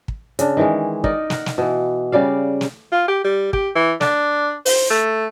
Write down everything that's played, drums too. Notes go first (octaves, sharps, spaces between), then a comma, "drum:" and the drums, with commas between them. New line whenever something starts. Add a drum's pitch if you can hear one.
drum: kick
C#3 D4, drum: hi-hat
D#3 E3 G#3
D#4 A#4 D5 D#5, drum: kick
A#4 F#5, drum: snare
drum: snare
B2 E3
C#3 G3 D5 F5
drum: snare
F4
G4
G3
G4, drum: kick
E3
D4, drum: snare
C5, drum: open hi-hat
A3